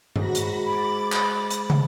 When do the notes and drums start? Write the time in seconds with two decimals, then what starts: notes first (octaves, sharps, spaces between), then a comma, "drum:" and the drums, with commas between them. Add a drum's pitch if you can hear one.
0.16 G#2 F#4 B5 A#6, drum: tom G2
0.35 drum: hi-hat
0.65 B5 D6 A6
1.12 drum: clap
1.50 drum: hi-hat
1.70 drum: tom